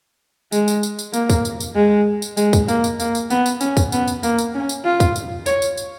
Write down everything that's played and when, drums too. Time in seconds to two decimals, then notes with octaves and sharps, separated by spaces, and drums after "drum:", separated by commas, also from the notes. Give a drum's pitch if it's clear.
0.52 G#3, drum: tambourine
0.68 drum: tambourine
0.83 drum: tambourine
0.99 drum: tambourine
1.14 A#3, drum: tambourine
1.30 drum: kick, tambourine
1.45 drum: tambourine
1.60 drum: tambourine
1.76 G#3
2.22 drum: tambourine
2.37 G#3, drum: tambourine
2.53 drum: kick, tambourine
2.68 A#3, drum: tambourine
2.84 drum: tambourine
3.00 A#3, drum: tambourine
3.15 drum: tambourine
3.30 B3, drum: tambourine
3.46 drum: tambourine
3.61 C#4, drum: tambourine
3.77 drum: kick, tambourine
3.92 B3, drum: tambourine
4.08 drum: tambourine
4.23 A#3, drum: tambourine
4.38 drum: tambourine
4.54 C#4
4.69 drum: tambourine
4.85 F4
5.00 drum: kick, tambourine
5.16 drum: tambourine
5.46 C#5, drum: tambourine
5.62 drum: tambourine
5.77 drum: tambourine